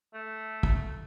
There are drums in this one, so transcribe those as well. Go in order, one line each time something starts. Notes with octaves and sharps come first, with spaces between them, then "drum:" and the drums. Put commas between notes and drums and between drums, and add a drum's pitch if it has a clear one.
A3
drum: kick